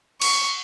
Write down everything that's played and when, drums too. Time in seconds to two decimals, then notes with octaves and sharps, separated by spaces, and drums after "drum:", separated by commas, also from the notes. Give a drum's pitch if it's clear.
0.22 C#6, drum: cymbal